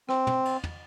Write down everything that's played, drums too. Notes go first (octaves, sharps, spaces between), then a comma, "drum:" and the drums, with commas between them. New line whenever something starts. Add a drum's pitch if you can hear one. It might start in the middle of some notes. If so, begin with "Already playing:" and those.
C4, drum: rim click
drum: tom
drum: cymbal
drum: tom